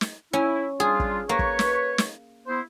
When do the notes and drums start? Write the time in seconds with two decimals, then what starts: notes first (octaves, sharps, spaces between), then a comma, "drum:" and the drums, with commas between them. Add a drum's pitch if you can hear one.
0.01 drum: snare
0.33 C#4 E4
0.80 G3 D4 F4 G#4
1.00 drum: kick
1.29 A#3 B4 C#5
1.39 drum: kick
1.59 drum: snare
1.98 drum: snare
2.47 B3 E4 C5